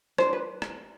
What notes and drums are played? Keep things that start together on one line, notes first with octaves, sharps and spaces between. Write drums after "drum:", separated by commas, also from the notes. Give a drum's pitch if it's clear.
D4 C5, drum: rim click
B4
drum: rim click